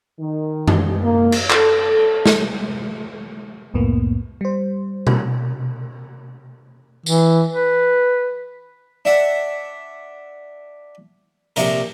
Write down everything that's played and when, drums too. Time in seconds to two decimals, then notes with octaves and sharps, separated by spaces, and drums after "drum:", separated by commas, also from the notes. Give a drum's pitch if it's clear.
0.20 D#3
0.68 drum: tom F#2
1.02 A#3
1.32 drum: cymbal
1.50 A4, drum: clap
2.26 drum: snare
3.74 C2 F2 A2 A#3 B3
4.41 G3 C5
5.07 drum: tom B2
7.06 E3, drum: tambourine
7.53 B4
9.05 D4 E5 F#5
11.56 A#1 C3 A#4, drum: hi-hat